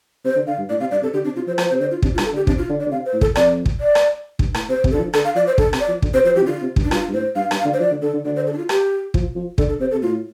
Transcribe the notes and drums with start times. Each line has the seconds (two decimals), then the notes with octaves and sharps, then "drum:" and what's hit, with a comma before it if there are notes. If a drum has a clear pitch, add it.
0.25 C3 C5
0.36 D3
0.47 D3 F5
0.58 G2
0.69 A2 D5
0.80 C3 F5
0.91 G2 D5
1.02 C3 A4
1.13 D3 G4
1.25 C3 D4
1.36 C3 F4
1.47 F3 C5
1.58 F3 C5, drum: rim click
1.69 C3 C5
1.80 D3 C5
1.91 F4
2.02 C3 D4, drum: kick
2.14 F4
2.18 G2, drum: rim click
2.25 A4
2.33 D3
2.36 G4
2.47 C3 D4, drum: kick
2.58 F4
2.69 D3
2.80 D5
2.86 D3
2.92 C3 F5
3.06 C5
3.13 A2
3.21 A4, drum: kick
3.36 F2 D5, drum: rim click
3.66 drum: kick
3.80 D5
3.95 drum: rim click
4.39 G2, drum: kick
4.54 A2, drum: rim click
4.69 C3 C5
4.84 C3, drum: kick
4.91 D3 A4
4.99 F3
5.14 D3 A4, drum: rim click
5.25 F5
5.35 F3 D5
5.47 C5
5.58 D3 A4, drum: kick
5.73 C3, drum: rim click
5.80 D5
5.88 F3
6.02 D3, drum: kick
6.14 C3 C5
6.24 F3 C5
6.36 F3 G4
6.42 C3
6.47 D3 F4
6.62 C3
6.76 G2, drum: kick
6.84 D4
6.91 G2 F4, drum: rim click
7.08 G2
7.14 A2 C5
7.36 G2 F5
7.51 G2, drum: rim click
7.59 F5
7.65 D3
7.74 C5
7.80 F3 D5
7.91 D3
8.02 D3 A4
8.13 D3
8.25 D3 D5
8.36 C5
8.47 A4
8.53 D4
8.58 F4
8.69 G4, drum: rim click
9.14 F3, drum: kick
9.35 F3
9.58 D3 A4, drum: kick
9.69 A4
9.80 C3 C5
9.91 A4
9.94 C3
10.02 A2 F4